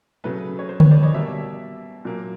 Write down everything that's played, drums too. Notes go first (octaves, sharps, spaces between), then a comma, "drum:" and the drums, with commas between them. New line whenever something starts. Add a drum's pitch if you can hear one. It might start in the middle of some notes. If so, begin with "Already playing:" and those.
C#3 F#3 A3 B4
C#5
C5
B4 C#5, drum: tom D3
C5 D5
C#5 D#5
B2 G3 A#3 D5 E5
A#2 F#3 A#3